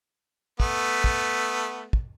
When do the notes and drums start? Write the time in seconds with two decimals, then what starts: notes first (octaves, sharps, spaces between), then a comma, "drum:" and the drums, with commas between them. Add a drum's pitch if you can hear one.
0.60 A3 B3, drum: kick
1.04 drum: kick
1.93 drum: kick